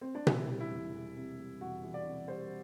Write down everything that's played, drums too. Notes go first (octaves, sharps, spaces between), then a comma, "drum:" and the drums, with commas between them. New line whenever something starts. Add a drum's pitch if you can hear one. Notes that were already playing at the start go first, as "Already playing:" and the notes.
C4
D4
C3 E4, drum: tom B2
G3
E4
E1
E2
C3
G3
E1 F#4
E2
D5
C3
G3 C5